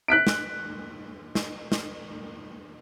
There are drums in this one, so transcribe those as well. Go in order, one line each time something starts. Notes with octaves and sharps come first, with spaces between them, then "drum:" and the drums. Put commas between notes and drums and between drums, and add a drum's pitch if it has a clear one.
F#6 B6 D7
drum: snare
drum: snare
drum: snare